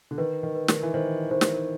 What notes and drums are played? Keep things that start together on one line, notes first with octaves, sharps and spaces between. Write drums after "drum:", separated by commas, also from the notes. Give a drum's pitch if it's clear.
D3
D#3 B4
D#3
B4
D#3, drum: snare
E3
D#3 C5
D#3 C5
drum: snare